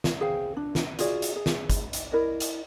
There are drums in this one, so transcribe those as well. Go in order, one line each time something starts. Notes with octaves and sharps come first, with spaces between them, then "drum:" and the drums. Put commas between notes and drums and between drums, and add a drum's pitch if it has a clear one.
drum: snare
G#4 C5 F5 G5
D4
drum: snare
F4 F#4 G#4 D5, drum: hi-hat
drum: hi-hat
G#4
drum: snare
drum: kick, hi-hat
drum: hi-hat
E4 A#4 D5 D#5
drum: hi-hat